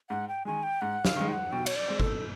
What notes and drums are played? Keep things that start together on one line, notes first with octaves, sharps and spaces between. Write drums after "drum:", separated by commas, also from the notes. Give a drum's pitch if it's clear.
G#2 F#5
G5
D#3 G#3 G#5
G5
G#2 F#5
F5, drum: snare
D#3 G#3
G5
F#5
B2 G5
C#5, drum: cymbal
D5
G#3 C4
A4, drum: kick G1